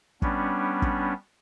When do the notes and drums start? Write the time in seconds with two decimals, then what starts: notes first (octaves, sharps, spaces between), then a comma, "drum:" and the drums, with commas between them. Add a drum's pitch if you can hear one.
0.22 G3 B3 C#4 D4, drum: kick
0.82 drum: kick